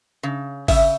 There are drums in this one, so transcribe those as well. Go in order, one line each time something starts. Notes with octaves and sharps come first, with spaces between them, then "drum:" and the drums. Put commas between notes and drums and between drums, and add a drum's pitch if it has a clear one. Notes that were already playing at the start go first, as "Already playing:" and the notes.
C#3
C#3 E5, drum: kick, open hi-hat